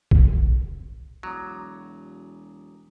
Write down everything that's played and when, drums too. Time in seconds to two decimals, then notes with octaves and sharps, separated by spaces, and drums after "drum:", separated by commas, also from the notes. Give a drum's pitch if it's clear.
0.11 drum: kick A#1
1.23 E1 F#3 A#5 D6 D#6